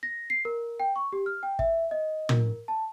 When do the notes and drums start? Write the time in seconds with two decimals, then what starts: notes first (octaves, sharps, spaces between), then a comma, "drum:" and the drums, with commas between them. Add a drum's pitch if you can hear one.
0.03 A#6
0.30 C7
0.45 A#4
0.80 G5
0.96 C#6
1.13 G4
1.26 F6
1.43 G5
1.59 E5, drum: kick
1.91 D#5
2.29 A#4, drum: tom
2.68 A5